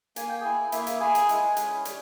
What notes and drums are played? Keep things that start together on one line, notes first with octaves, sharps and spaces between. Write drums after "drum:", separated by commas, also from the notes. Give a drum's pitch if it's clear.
A#3 G#5, drum: hi-hat
G5
E4 G#4 G#5
A#3 E4 E5, drum: hi-hat
drum: hi-hat
E4 G#4 G#5
drum: hi-hat
G#3, drum: hi-hat
C#4 E4, drum: hi-hat
G3, drum: hi-hat